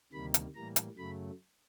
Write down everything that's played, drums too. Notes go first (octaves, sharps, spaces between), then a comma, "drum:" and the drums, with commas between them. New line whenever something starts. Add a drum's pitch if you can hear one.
D2 C3 D#3 G3 A#3 B5
drum: hi-hat
A2 E3 G3 A#3 A#5
drum: hi-hat
F#2 C#3 F#3 A3 B5